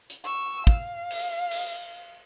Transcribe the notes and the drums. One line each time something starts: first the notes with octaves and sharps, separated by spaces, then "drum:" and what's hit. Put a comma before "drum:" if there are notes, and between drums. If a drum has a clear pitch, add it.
drum: hi-hat
C#6 E6, drum: hi-hat
F5, drum: kick
drum: cymbal
drum: cymbal